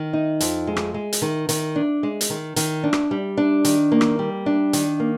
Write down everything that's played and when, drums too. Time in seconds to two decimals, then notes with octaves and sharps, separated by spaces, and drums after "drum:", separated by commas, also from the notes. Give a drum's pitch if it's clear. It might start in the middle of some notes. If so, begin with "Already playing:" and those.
Already playing: D#3
0.13 D#4
0.40 F2, drum: hi-hat
0.67 G#3
0.77 drum: rim click
0.94 G#3
1.13 drum: hi-hat
1.22 D#3
1.49 D#3, drum: hi-hat
1.76 D4
2.03 G#3
2.21 drum: hi-hat
2.30 D#3
2.56 D#3, drum: hi-hat
2.83 D4
2.93 drum: rim click
3.11 G3
3.37 D4
3.65 D#3, drum: hi-hat
3.92 A#3
4.01 drum: rim click
4.19 G3
4.46 D4
4.73 D#3, drum: hi-hat
5.00 A#3